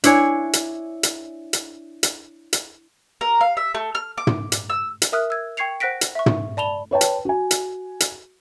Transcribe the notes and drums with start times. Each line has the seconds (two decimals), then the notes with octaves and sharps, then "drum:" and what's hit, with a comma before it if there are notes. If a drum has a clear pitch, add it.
0.04 D4 E4 C#5 G#5, drum: hi-hat
0.53 drum: hi-hat
1.03 drum: hi-hat
1.53 drum: hi-hat
2.03 drum: hi-hat
2.53 drum: hi-hat
3.21 A#4
3.41 F5
3.57 E5
3.75 A3
3.95 F6
4.18 D6
4.27 drum: tom
4.52 drum: hi-hat
4.70 E6
5.02 drum: hi-hat
5.12 A#4 E5 D#6 F6 F#6
5.30 E6 G#6
5.57 G5 C#6 G#6 C7 C#7 F7
5.80 C5 F#5 F#6 A#6 B6 D7
6.01 drum: hi-hat
6.15 E5 C#6
6.26 drum: tom
6.57 D5 A5 B5 F7 G7
6.91 B4 C#5 G5 A5
7.01 drum: hi-hat
7.25 F#4 G#5
7.51 drum: hi-hat
8.00 drum: hi-hat